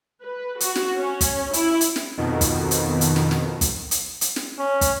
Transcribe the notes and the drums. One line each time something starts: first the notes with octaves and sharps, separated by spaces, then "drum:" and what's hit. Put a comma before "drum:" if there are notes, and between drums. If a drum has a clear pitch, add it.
B4
F#4, drum: hi-hat
drum: snare
C#4
drum: kick, hi-hat
E4, drum: hi-hat
drum: hi-hat
drum: snare
F2 B2 D#3
drum: kick, hi-hat
drum: hi-hat
drum: hi-hat
drum: snare
drum: snare
drum: kick, hi-hat
drum: hi-hat
drum: hi-hat
drum: snare
C#4
drum: kick, hi-hat